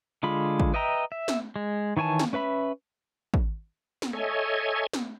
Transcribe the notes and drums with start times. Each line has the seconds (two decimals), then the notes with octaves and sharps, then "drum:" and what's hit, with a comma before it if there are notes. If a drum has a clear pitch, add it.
0.23 D3 G#3 F4 B5
0.60 drum: kick
0.74 B4 D#5 E5 G5 A#5
1.12 E5
1.28 drum: snare
1.56 G#3
1.97 D#3 E3 C#5 G#5 A5
2.19 drum: snare
2.33 C#4 B4 E5 B5
3.34 drum: kick
4.02 drum: snare
4.13 A4 C#5 D#5 E5 G#5
4.93 drum: snare